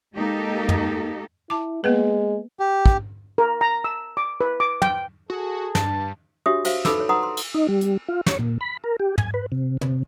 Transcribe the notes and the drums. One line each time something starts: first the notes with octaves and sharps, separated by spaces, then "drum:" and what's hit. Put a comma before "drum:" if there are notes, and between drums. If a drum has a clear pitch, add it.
G#3 A#3 D#4 G4 A4
drum: tom
E4 A5 D6
G#3 A#3 B3 B4
G4
drum: kick
A#4
A#5
E6
D6
B4
D6
G5, drum: tom
F#4 G#4 A4
G2 A5, drum: snare
D4 F#4 G4 C#5 E5 D#6
F#4 C5 E5 F5, drum: cymbal
D#4 A4 B4 B5 D6 E6, drum: snare
A4 C#5
D#4 B4 F#5 A#5 C6 D#6
C6
drum: cymbal
D#4
G3
drum: hi-hat
F4
C#5, drum: snare
A#2
B5
A#4
G4
G#5, drum: tom
B4
C3
C3, drum: tom